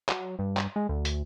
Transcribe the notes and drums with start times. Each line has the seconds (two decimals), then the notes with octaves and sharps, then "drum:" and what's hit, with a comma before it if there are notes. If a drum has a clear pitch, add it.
0.09 F#3, drum: clap
0.39 G2
0.57 drum: clap
0.76 G#3
0.89 D2
1.05 drum: hi-hat